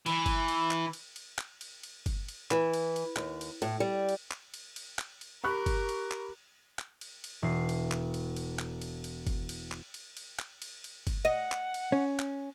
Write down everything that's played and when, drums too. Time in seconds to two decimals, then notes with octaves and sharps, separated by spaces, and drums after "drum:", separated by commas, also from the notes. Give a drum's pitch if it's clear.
0.06 E3, drum: cymbal
0.26 drum: kick F#1, cymbal
0.48 drum: cymbal
0.71 drum: clap
0.93 drum: cymbal
1.16 drum: cymbal
1.38 drum: clap
1.61 drum: cymbal
1.83 drum: cymbal
2.06 drum: kick F#1, cymbal
2.28 drum: cymbal
2.51 E3, drum: clap
2.73 drum: cymbal
2.96 drum: cymbal
3.16 D#2, drum: clap
3.41 drum: cymbal
3.62 A2, drum: cymbal
3.80 G3
4.09 drum: cymbal
4.31 drum: clap
4.54 drum: cymbal
4.76 drum: cymbal
4.99 drum: clap
5.21 drum: cymbal
5.44 G4 A#4 B5 C#6 F#6
5.66 drum: kick F#1, cymbal
5.89 drum: cymbal
6.11 drum: clap
6.79 drum: clap
7.01 drum: cymbal
7.24 drum: cymbal
7.42 E1 C7
7.69 drum: cymbal
7.91 drum: clap
8.14 drum: cymbal
8.36 drum: cymbal
8.59 drum: clap
8.82 drum: cymbal
9.04 drum: cymbal
9.27 drum: kick F#1, cymbal
9.49 drum: cymbal
9.72 drum: clap
9.94 drum: cymbal
10.17 drum: cymbal
10.39 drum: clap
10.62 drum: cymbal
10.84 drum: cymbal
11.07 drum: kick F#1, cymbal
11.25 D#5 F#5
11.52 drum: clap
11.74 drum: cymbal
11.92 C#4
12.19 drum: clap